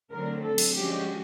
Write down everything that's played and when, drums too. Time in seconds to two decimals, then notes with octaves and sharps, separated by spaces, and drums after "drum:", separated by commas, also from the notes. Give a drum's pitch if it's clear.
0.11 D3 F#3 A3 C4 A#4
0.43 A4
0.58 drum: cymbal
0.74 D3 F3 G#3 C#4 F#4 G4